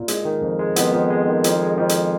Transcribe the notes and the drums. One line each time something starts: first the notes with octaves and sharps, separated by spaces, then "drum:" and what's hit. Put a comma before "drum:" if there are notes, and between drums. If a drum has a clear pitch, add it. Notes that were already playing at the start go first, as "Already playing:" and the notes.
Already playing: A#2
G#3, drum: hi-hat
D#3
F2
G#3
F2 B3, drum: hi-hat
F2
G#3
D#3
F2, drum: hi-hat
G#3
F2
drum: hi-hat